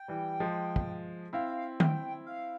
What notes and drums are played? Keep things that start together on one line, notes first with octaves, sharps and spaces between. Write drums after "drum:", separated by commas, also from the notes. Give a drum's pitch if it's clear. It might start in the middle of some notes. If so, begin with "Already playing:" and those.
Already playing: G5
E3 G3
F3 G#3
drum: kick
C4 E4 F5
G5, drum: tom D#3
F5